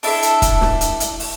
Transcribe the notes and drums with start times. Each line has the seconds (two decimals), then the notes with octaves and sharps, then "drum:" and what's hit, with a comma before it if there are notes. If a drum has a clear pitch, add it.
0.03 D4 E4 A4 E5, drum: open hi-hat
0.22 drum: hi-hat
0.42 drum: kick, hi-hat
0.61 drum: snare
0.81 drum: hi-hat
1.00 drum: hi-hat
1.20 drum: open hi-hat